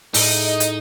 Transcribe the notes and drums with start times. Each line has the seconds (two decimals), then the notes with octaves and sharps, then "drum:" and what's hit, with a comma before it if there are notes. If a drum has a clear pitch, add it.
0.14 A2 G#3 D#4, drum: open hi-hat
0.45 D#5
0.60 drum: hi-hat